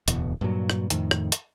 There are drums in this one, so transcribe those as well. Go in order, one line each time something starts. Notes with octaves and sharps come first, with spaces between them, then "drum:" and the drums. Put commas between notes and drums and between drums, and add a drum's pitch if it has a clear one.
D1 E2 B2, drum: hi-hat
G2 A#2 F#3
drum: rim click
F2 A2 D#3, drum: hi-hat
drum: rim click
drum: hi-hat